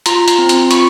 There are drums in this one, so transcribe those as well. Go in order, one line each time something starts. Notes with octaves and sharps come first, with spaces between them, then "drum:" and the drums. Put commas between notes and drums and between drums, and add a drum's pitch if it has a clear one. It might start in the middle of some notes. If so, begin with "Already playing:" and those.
F4 A#5 C6, drum: hi-hat
drum: hi-hat
C4
drum: hi-hat
F4 B5 C#6, drum: hi-hat